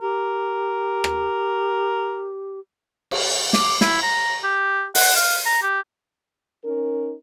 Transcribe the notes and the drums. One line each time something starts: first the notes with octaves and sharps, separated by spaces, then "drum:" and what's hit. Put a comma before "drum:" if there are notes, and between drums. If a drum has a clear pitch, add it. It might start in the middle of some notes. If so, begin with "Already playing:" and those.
G4 A#4
drum: rim click
drum: cymbal
D6, drum: snare
E4, drum: snare
A#5
G4
F#5, drum: open hi-hat
F5
A#5
G4
C#4 D#4 A#4